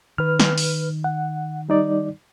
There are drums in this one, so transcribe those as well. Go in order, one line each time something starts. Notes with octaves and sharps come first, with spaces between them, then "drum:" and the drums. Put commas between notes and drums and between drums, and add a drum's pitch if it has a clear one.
D#3 B4 F6
drum: snare
drum: open hi-hat
F#5
G3 D#4 D5